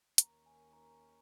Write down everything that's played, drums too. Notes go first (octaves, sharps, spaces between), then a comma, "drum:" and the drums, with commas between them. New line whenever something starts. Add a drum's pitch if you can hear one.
D#2 D#3 C#4 A#4 A#5, drum: hi-hat
G#5
A#5